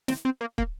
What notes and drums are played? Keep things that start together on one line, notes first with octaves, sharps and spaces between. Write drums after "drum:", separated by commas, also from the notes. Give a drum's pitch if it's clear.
C4, drum: snare
C4
A#3
A#3, drum: kick